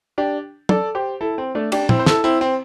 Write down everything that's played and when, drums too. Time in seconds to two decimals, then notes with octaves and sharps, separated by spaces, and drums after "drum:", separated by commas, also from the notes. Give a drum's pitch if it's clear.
0.18 D4 G4
0.69 A4 D5, drum: tom
0.95 G4 C5
1.21 E4 A4
1.38 C4
1.55 A3 D4
1.72 D4 G4, drum: cymbal
1.89 C4 E4, drum: tom
1.99 C5
2.06 E4 A4, drum: snare
2.24 C4 E4
2.41 C4